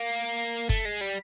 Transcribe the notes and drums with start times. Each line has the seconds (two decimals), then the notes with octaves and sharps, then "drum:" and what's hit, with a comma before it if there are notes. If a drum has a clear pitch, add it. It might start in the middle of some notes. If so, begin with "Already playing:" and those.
Already playing: A#3
0.69 A3, drum: kick F#1
0.85 G#3
1.01 G3